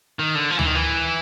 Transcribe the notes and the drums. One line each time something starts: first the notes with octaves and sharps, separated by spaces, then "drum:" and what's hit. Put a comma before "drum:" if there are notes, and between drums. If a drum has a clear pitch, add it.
D#3
D3
F3
E3, drum: tom D2
D#3
E3